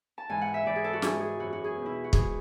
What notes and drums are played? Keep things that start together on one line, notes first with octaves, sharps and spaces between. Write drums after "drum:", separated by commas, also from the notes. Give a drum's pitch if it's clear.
A5
G#2 E3 G#5
F#5
E5
G#2 E3 D5
G#4
A4
F#4
G#2 E3 G#4, drum: snare
G#4
F#2 E3 F#4
F#4
G#4
E2 B2
E4
F#4
G#2 E3 G#4, drum: kick